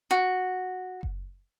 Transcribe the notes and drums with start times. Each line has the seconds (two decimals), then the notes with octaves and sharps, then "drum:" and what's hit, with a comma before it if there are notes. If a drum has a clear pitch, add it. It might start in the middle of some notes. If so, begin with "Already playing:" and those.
0.11 F#4
1.03 drum: kick F#1